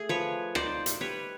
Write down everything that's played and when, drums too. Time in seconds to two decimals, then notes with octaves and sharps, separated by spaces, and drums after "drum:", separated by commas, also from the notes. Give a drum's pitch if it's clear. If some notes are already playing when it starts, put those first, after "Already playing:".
Already playing: A3 G#4
0.09 F3 B4 C#5
0.55 D#4 C5 D5, drum: rim click
0.86 drum: hi-hat
1.01 G3 B4 C#5